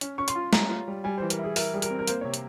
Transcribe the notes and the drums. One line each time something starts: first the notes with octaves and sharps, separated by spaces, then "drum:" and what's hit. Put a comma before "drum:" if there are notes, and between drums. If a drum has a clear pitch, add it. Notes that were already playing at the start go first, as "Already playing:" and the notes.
C#4, drum: hi-hat
C#4 C#6
C6, drum: hi-hat
F4
G3 A#5, drum: snare A3
F4
G3
G3 G#5
C5
E3
A#4, drum: hi-hat
E4 G#4
E4 A#4, drum: open hi-hat
G3 G#4
A#4, drum: hi-hat
C4
A#4
A#3 C5, drum: hi-hat
C3 C#5
drum: hi-hat